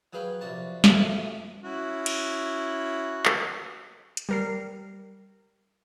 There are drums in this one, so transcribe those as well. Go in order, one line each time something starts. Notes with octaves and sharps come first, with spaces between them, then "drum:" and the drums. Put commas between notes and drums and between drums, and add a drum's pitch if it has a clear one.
F#3 G#4 B4 F5 G5
A#1 C3 F#4 A5
C#2 F#2 G#3 A3, drum: snare
C#4 E4 F#4
drum: cymbal
drum: clap
drum: hi-hat
G3 A#4 C7